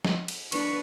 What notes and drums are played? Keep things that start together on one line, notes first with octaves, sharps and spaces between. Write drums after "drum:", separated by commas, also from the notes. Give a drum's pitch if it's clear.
drum: snare
drum: cymbal
D4 B4 C#6, drum: cymbal